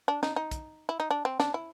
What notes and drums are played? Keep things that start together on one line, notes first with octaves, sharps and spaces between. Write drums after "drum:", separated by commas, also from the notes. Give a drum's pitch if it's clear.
D4
D#4, drum: snare
D#4
drum: kick, hi-hat
E4
D#4
D4
C4
D4, drum: snare
E4